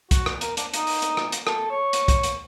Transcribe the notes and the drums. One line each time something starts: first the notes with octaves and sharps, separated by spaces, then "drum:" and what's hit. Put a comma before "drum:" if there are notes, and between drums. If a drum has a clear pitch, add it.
F#4, drum: kick, hi-hat
drum: rim click
A#4, drum: hi-hat
D4, drum: hi-hat
D#4, drum: hi-hat
drum: open hi-hat
drum: hi-hat
drum: rim click
drum: hi-hat
A4, drum: rim click
C#5
drum: hi-hat
drum: kick, hi-hat
drum: hi-hat